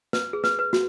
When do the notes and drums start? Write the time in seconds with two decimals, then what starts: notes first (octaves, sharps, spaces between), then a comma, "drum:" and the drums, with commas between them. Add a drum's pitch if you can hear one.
0.13 B4, drum: snare
0.33 G#4
0.44 B4, drum: snare
0.59 B4
0.73 F#4, drum: snare